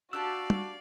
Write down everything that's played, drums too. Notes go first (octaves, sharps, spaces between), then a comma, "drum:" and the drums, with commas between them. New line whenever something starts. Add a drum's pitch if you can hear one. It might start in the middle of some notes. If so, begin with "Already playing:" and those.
D4 F#4 G4 D5 F5 A5 E6
drum: tom